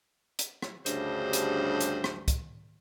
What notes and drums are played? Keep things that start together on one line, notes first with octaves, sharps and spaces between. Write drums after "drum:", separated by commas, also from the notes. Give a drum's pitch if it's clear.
drum: hi-hat
drum: rim click
D2 G2 C#3 G3 C5, drum: hi-hat
drum: hi-hat
drum: hi-hat
drum: rim click
drum: kick, hi-hat